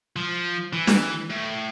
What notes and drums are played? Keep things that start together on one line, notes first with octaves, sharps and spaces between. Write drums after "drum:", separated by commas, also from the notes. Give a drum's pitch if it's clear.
F3
E3
drum: snare
A2